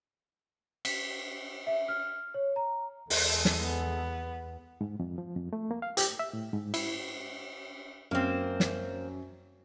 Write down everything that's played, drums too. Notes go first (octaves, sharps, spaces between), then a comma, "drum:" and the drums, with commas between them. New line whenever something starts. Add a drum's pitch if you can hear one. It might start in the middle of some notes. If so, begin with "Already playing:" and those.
B6, drum: cymbal
E5
F6
C#5
A#5
E2 G#3 G#4 A4, drum: open hi-hat
drum: snare
B3
G#2
F2
F3
F2
A3
A#3
F5
G4, drum: hi-hat
E5
A2
G#2
E4, drum: cymbal
F#2 A#3 C4
drum: snare